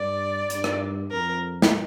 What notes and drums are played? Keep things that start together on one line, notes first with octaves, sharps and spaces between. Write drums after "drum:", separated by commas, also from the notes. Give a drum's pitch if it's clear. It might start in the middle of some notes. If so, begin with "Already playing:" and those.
Already playing: G2 D5
G2, drum: hi-hat
drum: rim click
F2 A#4
drum: snare